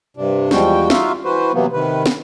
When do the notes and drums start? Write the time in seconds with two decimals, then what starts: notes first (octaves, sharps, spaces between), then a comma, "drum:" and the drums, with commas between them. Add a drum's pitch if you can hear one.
0.17 G2 C3 D4
0.51 E2 F3 G3 G#3 F#4 G5, drum: snare
0.90 D#4 F4 F#4 E5 F5, drum: snare
1.25 E3 F#4 B4 C5
1.53 C3 E3 F#3 A#3 B3
1.73 C3 D#3 B4
2.06 drum: snare